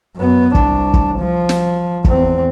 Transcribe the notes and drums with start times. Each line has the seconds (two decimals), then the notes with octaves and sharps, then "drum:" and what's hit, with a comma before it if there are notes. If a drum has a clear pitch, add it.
0.16 F#2 B3
0.55 C2 D4, drum: kick
0.94 drum: kick
1.18 F3
1.49 drum: snare
2.04 E2 C4, drum: kick